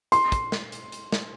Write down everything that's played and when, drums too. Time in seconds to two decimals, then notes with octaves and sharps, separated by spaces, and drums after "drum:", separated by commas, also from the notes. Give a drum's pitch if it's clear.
0.12 C6, drum: hi-hat
0.32 drum: kick, hi-hat
0.52 drum: snare
0.72 drum: hi-hat
0.92 drum: hi-hat
1.12 drum: snare